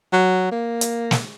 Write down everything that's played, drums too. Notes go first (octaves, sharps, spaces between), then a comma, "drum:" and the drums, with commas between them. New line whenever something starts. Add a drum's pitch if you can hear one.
F#3
A#3
drum: hi-hat
drum: snare